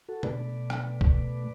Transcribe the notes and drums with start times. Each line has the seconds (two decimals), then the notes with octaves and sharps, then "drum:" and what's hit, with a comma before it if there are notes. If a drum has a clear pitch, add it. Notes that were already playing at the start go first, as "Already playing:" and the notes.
0.09 F#4 A4
0.23 B2 A3 B4 D5, drum: tom B2
0.70 drum: rim click
1.01 drum: kick